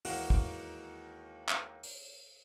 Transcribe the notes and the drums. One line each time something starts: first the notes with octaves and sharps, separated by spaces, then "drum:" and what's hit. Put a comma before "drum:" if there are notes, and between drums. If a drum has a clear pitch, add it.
D#2 E3 G#3 A#3 F#4 F#5, drum: open hi-hat
drum: kick
drum: clap
drum: open hi-hat